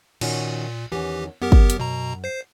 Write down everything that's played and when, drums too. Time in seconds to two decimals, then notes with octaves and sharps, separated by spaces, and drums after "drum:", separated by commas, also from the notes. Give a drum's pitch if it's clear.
0.21 A#2 D#3 C#4 F#4, drum: cymbal
0.92 E2 D#3 E3 C#4 G4
1.42 F#2 B3 G4 A#4
1.52 drum: kick
1.70 drum: hi-hat
1.79 B2 A#5
2.24 C5 C7